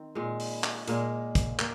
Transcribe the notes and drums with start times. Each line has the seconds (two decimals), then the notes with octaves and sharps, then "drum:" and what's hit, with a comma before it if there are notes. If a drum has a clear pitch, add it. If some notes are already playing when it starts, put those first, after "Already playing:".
Already playing: D#3 C4
0.15 A#2 G#3
0.40 drum: open hi-hat
0.64 drum: clap
0.88 A#2 G#3 A#3, drum: hi-hat
1.35 drum: kick, hi-hat
1.59 A#3, drum: clap